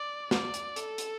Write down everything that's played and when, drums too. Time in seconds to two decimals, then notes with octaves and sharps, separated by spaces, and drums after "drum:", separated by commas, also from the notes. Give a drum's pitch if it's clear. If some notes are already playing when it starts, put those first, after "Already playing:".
Already playing: D5
0.31 D5, drum: snare
0.54 drum: hi-hat
0.76 A4, drum: hi-hat
0.98 drum: hi-hat